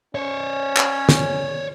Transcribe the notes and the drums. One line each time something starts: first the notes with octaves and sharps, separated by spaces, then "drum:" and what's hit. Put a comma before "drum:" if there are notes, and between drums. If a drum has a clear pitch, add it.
C#4 C5 C#5
drum: clap
drum: snare